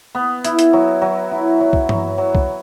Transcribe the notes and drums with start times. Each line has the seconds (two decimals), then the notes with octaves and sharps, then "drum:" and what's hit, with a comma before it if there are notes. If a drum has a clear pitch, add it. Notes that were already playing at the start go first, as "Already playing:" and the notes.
0.15 B3
0.45 E4, drum: hi-hat
0.59 drum: hi-hat
0.73 F#3
1.02 F#3
1.32 E4
1.61 F#3
1.73 drum: kick
1.89 F#3, drum: tom G2
2.18 F#3
2.35 drum: kick